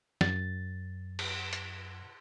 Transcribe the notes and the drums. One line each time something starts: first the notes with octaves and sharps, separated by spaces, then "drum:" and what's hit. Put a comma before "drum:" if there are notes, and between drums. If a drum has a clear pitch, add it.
F#2 A6, drum: snare
drum: cymbal
drum: hi-hat